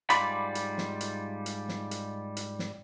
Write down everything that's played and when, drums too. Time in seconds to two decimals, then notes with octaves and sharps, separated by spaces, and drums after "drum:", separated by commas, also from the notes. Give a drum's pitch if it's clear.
0.10 G#2 G3 F4 D5 B5, drum: hi-hat
0.55 drum: hi-hat
0.78 drum: snare
1.01 drum: hi-hat
1.46 drum: hi-hat
1.69 drum: snare
1.91 drum: hi-hat
2.37 drum: hi-hat
2.59 drum: snare